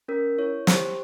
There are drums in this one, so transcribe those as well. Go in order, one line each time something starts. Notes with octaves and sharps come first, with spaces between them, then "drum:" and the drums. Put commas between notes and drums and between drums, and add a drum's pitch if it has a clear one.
C#4 A#4
E4 C#5
G4 C5, drum: snare